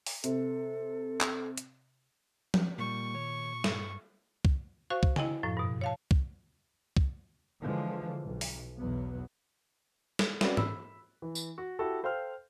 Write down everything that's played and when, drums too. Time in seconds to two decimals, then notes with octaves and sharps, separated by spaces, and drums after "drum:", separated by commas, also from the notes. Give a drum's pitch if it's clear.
0.07 drum: open hi-hat
0.24 C3 A4, drum: hi-hat
1.21 drum: clap
1.58 drum: hi-hat
2.54 drum: tom F3
2.78 A#2 G3 A#3 C#6
3.14 D#3 C#5
3.64 G2, drum: snare
4.45 drum: kick C2
4.90 F#4 C5 F5 C#6
5.03 drum: kick C2
5.16 E4 D#5 G5 G#5, drum: tom C#3
5.43 F#2 A2 F3
5.57 G2 B2
5.81 C#5 F5 A5
6.11 drum: kick C2
6.97 drum: kick C2
7.61 D3 E3 F3 G#3
8.22 B1
8.41 drum: open hi-hat
8.77 B1 E2 F#3 B3
10.19 drum: snare
10.41 C4 C#4 F#4 B4 D5, drum: snare
10.57 B5 E6, drum: tom G#2
11.22 E3
11.35 drum: tambourine
11.58 F#4
11.79 E4 F#4 G4 A4
12.03 A4 C5 F5 G5 C6 F6